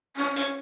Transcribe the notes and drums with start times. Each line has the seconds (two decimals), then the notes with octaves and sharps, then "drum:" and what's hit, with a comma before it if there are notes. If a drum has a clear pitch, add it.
0.17 C#4
0.36 C#4, drum: hi-hat